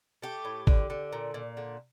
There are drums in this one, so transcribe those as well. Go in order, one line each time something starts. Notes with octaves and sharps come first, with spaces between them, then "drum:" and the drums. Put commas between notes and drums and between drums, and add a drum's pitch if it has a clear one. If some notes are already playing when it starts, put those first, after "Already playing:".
A3 G4
A2
D3, drum: kick
D3
A#2
A#2
D3